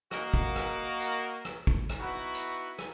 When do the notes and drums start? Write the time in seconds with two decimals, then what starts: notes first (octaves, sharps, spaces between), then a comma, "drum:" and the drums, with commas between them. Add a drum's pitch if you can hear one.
0.11 A#3 F#4 A#4 D#5 F5 F#5, drum: rim click
0.34 drum: kick
0.56 drum: rim click
1.00 drum: hi-hat
1.45 drum: rim click
1.67 drum: kick
1.89 drum: rim click
1.99 B3 D#4 E4 F#4
2.34 drum: hi-hat
2.79 drum: rim click